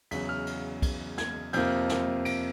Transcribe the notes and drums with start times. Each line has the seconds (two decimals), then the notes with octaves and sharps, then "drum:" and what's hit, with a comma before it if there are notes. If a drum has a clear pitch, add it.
0.11 E2 C#3 F#3 B6, drum: cymbal
0.29 F6
0.47 drum: cymbal
0.82 drum: kick, cymbal
1.18 G#6, drum: snare
1.53 F2 C3 F3 A#3 G6, drum: cymbal
1.89 drum: snare
2.25 D7, drum: cymbal